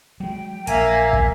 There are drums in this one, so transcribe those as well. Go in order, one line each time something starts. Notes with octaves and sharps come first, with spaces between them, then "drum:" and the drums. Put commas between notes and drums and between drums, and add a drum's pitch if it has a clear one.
F#3 G#3 G5
A#1 A#3 E5 G#5, drum: hi-hat
drum: kick